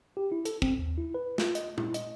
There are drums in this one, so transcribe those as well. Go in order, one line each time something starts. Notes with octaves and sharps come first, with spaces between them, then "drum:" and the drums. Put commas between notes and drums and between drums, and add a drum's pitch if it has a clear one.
G4
E4
A4, drum: hi-hat
C4, drum: kick
D#2
E4
B4
F4, drum: snare
D#5, drum: hi-hat
E4, drum: tom
D#5, drum: hi-hat